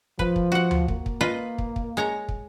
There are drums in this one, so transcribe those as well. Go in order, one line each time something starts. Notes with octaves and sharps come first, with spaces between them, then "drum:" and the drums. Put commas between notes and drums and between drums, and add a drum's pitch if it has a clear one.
F3 B4, drum: kick
drum: kick
F#4 F#5
drum: tom D2
A#3, drum: kick
drum: kick
F4 B4 D#5
drum: kick
drum: kick
G#3 C#5 A#5
drum: kick